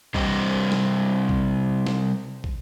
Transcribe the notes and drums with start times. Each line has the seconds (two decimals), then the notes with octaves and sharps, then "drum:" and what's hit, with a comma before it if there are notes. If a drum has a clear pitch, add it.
0.14 C3 G3 C5 D#5, drum: kick
0.72 drum: snare
1.29 drum: kick
1.87 drum: snare
2.44 drum: kick